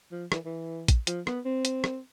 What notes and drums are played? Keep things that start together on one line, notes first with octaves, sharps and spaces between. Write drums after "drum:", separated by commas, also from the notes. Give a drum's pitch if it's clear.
F3
E3, drum: rim click
E3
drum: kick A#1, hi-hat
F3, drum: hi-hat
B3, drum: rim click
C4
drum: hi-hat
drum: rim click